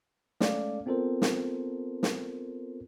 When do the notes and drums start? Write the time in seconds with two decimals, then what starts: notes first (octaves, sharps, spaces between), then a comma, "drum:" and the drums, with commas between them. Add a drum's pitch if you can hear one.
0.40 G#3 A3 C#4 A4 D5 F5, drum: snare
0.86 B3 C4 F4 A4 A#4 C5
1.22 drum: snare
2.03 drum: snare